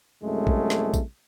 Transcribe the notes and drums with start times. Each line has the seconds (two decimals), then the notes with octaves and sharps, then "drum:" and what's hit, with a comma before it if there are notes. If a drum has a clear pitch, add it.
0.23 C2 F#2 G#3 A3
0.47 drum: kick
0.70 drum: snare
0.94 drum: kick, tambourine